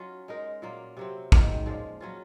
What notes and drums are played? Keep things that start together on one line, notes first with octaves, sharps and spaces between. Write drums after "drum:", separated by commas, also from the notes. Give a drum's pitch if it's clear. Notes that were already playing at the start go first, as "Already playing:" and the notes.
Already playing: F#3 C#4 F4
G#3 D#4 A#4
A#2 F#3 A#3 F4
C3 F#3 C4
G#2 D#3 F#3 C#4, drum: kick
A#2 F3 G#3
F#3 C#4 F4